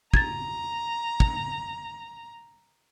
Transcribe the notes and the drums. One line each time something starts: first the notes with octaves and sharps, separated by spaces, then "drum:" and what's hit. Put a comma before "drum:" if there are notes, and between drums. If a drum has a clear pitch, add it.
A#5 G#6 A6, drum: kick
drum: kick